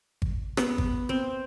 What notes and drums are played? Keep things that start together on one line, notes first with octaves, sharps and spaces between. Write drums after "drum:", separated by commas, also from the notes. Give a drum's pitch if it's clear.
drum: kick G#1
B3, drum: rim click
drum: kick G#1
C4